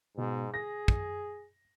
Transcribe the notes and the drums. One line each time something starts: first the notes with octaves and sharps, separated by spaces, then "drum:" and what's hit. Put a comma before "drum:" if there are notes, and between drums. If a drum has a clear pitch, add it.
G#2 B2
G#4 A#6
drum: kick